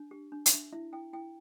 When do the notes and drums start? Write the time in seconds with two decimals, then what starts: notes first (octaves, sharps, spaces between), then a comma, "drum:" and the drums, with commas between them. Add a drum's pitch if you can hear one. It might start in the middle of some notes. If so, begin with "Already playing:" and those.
Already playing: D4
0.11 G4
0.32 D4
0.46 E5, drum: hi-hat
0.53 D4
0.73 E4 E5
0.92 E4 G5
1.13 E4 G5